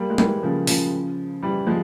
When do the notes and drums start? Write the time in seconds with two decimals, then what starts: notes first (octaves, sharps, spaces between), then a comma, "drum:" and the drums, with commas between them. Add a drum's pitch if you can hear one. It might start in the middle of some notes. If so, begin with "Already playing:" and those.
Already playing: G3 A#3
0.10 G#3
0.18 E3 G3, drum: tom G#3
0.43 C#3 F3
0.67 C#3 F3, drum: open hi-hat
1.43 E3 G3
1.67 F3 G#3